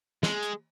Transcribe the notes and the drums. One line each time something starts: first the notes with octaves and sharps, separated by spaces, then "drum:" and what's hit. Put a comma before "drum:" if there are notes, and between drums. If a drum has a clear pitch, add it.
G#3, drum: snare
drum: hi-hat